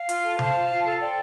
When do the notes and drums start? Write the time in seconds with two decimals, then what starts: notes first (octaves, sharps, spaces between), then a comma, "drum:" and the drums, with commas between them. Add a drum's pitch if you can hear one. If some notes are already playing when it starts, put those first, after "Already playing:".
Already playing: F5
0.09 F4, drum: hi-hat
0.24 A4
0.39 C5 F5 A5, drum: tom C3
0.54 F4
0.69 F4
0.84 A4
1.00 C5 D5 G5